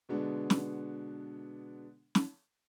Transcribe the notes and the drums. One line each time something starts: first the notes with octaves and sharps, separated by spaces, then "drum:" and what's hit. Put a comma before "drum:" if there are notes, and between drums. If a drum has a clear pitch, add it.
B2 D3 G#3 B3 D4
drum: snare
drum: snare